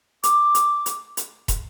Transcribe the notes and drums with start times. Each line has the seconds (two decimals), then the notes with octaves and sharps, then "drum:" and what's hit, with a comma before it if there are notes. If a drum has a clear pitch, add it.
0.23 D6, drum: hi-hat
0.55 drum: hi-hat
0.86 drum: hi-hat
1.17 drum: hi-hat
1.48 drum: kick, hi-hat